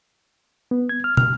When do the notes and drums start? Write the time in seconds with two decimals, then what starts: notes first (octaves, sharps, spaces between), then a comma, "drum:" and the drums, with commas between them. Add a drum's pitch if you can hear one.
0.71 B3
0.89 G#6
1.04 F6
1.17 F6, drum: tom